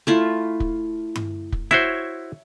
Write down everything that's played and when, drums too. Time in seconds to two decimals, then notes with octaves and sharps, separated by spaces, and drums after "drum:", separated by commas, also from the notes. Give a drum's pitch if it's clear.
0.07 A3 E4 F4
0.60 drum: kick
1.16 drum: tom G2
1.52 drum: kick
1.71 E4 F#4 C5 C#5 E5